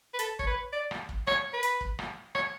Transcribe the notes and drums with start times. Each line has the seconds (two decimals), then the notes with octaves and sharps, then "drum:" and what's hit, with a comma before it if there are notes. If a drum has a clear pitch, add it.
0.14 B4
0.19 A4, drum: hi-hat
0.39 C#5, drum: kick
0.47 B4
0.72 D5
0.91 drum: rim click
1.09 drum: kick
1.27 C#5, drum: rim click
1.53 B4
1.63 drum: hi-hat
1.81 drum: kick
1.99 drum: rim click
2.35 C#5, drum: rim click